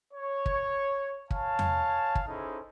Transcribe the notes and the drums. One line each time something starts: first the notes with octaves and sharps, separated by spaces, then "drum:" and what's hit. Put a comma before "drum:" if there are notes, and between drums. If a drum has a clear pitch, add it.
C#5
drum: kick
C#5 F5 G#5 A5, drum: kick
drum: tom E2
drum: kick
C#4 D#4 E4 G#4 A4 C5